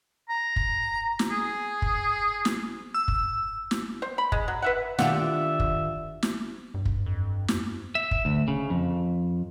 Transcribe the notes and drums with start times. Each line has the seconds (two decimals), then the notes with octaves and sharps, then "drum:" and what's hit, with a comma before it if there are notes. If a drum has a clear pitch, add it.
0.29 A#5
0.56 drum: kick
1.19 drum: snare
1.31 G#4
1.82 drum: kick
2.45 drum: snare
2.94 E6
3.08 drum: kick
3.71 drum: snare
4.02 C5
4.18 B5
4.32 G#3, drum: kick
4.48 F#3
4.62 B4 E5 F#5
4.99 D#3 D4 F4 G4 E5 F#5, drum: snare
5.60 drum: kick
6.23 drum: snare
6.74 G2
6.85 drum: kick
7.06 F2
7.48 drum: snare
7.95 E5
8.11 drum: kick
8.25 D2
8.48 C#3
8.70 F2